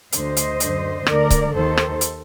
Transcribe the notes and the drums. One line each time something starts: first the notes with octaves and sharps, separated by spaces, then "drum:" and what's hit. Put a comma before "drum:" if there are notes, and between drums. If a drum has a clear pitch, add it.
D2 D3 C5 D#5, drum: hi-hat
drum: hi-hat
F#2 D3, drum: hi-hat
D2 D3 A#4 D5, drum: rim click
drum: kick C#1, hi-hat
D#2 D#3 A4 C5
drum: rim click
drum: hi-hat